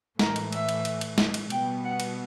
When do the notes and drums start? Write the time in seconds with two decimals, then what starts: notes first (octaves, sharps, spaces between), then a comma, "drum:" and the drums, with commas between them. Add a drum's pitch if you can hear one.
0.19 A2 E3 A3 A#4, drum: snare
0.36 drum: cymbal
0.52 E5, drum: cymbal
0.69 drum: cymbal
0.85 drum: cymbal
1.01 drum: cymbal
1.18 drum: snare
1.34 drum: cymbal
1.50 B2 G3 B3 G5, drum: cymbal
1.84 F#5
2.00 drum: cymbal